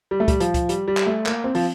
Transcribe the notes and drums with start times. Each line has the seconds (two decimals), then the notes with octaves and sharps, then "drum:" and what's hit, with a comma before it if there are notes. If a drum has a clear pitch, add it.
0.11 G3
0.20 A3
0.28 G3, drum: kick C#2, hi-hat
0.40 F3, drum: hi-hat
0.54 drum: kick C#2, hi-hat
0.69 G3, drum: hi-hat
0.88 G3
0.97 drum: clap
1.06 A3
1.26 A#3, drum: clap
1.44 C4
1.55 F3, drum: open hi-hat